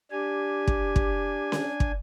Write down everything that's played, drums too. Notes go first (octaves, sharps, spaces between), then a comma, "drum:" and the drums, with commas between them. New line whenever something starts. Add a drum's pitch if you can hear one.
D4 G4 G#5
drum: kick
drum: kick
drum: snare C#4
drum: kick